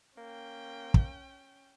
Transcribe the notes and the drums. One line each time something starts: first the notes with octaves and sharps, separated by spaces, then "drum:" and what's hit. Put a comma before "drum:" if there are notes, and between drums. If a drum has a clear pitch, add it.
A#3 C#4 G5
drum: kick